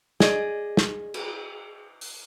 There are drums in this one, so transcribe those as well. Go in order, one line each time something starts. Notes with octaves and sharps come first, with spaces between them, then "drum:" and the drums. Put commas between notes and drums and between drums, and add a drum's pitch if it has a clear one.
G#4 D5 D#5, drum: snare
drum: snare
drum: cymbal
drum: open hi-hat